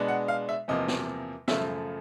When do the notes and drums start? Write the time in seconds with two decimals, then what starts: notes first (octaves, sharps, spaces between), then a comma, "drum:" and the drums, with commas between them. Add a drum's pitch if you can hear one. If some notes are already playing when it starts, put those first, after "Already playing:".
Already playing: B2 G#3 B3 D4
0.08 F#5
0.28 F5
0.49 E5
0.68 E2 C3 F3 A#3 D#5
0.88 drum: snare
1.48 F#2 C#3 F3 A3 E5, drum: snare